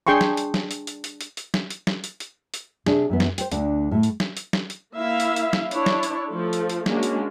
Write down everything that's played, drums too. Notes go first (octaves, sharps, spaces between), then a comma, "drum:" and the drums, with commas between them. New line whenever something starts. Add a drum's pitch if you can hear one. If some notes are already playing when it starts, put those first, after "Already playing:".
D4 G#4 G5 C6 C#6
drum: snare
drum: hi-hat
drum: snare
drum: hi-hat
drum: hi-hat
drum: hi-hat
drum: hi-hat
drum: hi-hat
drum: snare
drum: hi-hat
drum: snare
drum: hi-hat
drum: hi-hat
drum: hi-hat
C3 D4 G#4, drum: snare
F#2 E3 B3
drum: snare
C5 G5, drum: hi-hat
D2 D3 D4, drum: hi-hat
A2 A3
drum: hi-hat
drum: snare
drum: hi-hat
drum: snare
drum: hi-hat
A#3 E4 E5 F5
drum: hi-hat
drum: hi-hat
drum: snare
D4 E4 C#5, drum: hi-hat
drum: snare
drum: hi-hat
F3 A3 A4
drum: hi-hat
drum: hi-hat
G#3 A#3 C#4 D4 F#4, drum: snare
drum: hi-hat